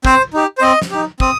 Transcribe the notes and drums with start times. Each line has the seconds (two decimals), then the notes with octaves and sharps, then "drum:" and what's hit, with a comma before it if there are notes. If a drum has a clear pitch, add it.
0.05 C4 C5, drum: kick
0.34 D#4 G4
0.58 C5
0.62 C4 D#5
0.82 drum: snare
0.91 D#4 G4
1.20 C4 D#6, drum: kick